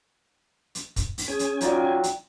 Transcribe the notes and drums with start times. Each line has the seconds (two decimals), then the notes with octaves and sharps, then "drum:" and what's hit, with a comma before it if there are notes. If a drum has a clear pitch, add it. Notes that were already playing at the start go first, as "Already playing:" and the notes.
0.75 drum: hi-hat
0.96 drum: kick, hi-hat
1.18 drum: open hi-hat
1.28 C#4 G#4 G#5
1.39 drum: hi-hat
1.61 F#3 D#4 F4 D5 G5, drum: hi-hat
2.04 drum: hi-hat